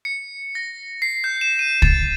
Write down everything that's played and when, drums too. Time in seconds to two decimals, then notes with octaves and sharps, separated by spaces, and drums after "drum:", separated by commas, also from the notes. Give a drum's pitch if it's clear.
0.05 C#7
0.55 A#6
1.02 C7
1.24 G6
1.41 E7
1.59 D#7
1.82 A6, drum: kick